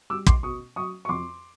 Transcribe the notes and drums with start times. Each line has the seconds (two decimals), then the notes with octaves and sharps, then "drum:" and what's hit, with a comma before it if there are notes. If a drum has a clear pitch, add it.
0.10 G3 D6 E6
0.27 C6 D6, drum: kick
0.43 B2 C#6 D#6
0.76 F#3 C#6 D#6
1.05 C#6
1.09 F2 C6 D6